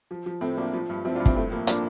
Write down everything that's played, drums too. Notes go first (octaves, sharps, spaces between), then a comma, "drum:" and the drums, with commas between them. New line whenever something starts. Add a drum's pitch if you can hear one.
F3
F3
A2 A3 C4
F3 A#3 D4
F3
G2
F3 C4 E4
D4 F4
G2
C4 E4, drum: kick
A2 A3 C4
F3 A#3
F3 A#3 D4, drum: hi-hat